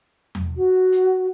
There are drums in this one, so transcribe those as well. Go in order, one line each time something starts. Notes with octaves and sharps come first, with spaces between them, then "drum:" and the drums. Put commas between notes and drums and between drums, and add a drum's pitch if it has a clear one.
drum: tom E2
F#4
drum: hi-hat